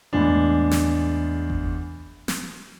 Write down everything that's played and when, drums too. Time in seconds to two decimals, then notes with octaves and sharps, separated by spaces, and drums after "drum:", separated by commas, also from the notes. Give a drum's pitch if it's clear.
0.13 E2 A2 G#3 D4
0.71 drum: snare
1.50 drum: kick G1
2.28 drum: snare